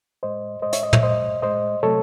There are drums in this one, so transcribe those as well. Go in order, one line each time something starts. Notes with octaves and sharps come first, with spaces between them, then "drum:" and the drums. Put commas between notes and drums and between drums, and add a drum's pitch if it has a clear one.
A2 G#3 C5 D#5
A2 G#3 C5 D#5
C#5 E5, drum: hi-hat
C5 D#5
C#5 E5, drum: tom
A2 G#3 C5 D#5
A2 G#3 C5 D#5
C3 F#3 A3 A4 C#5